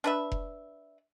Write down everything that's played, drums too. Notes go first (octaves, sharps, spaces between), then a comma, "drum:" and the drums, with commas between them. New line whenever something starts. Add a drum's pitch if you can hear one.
D4 B4 E5
drum: kick F1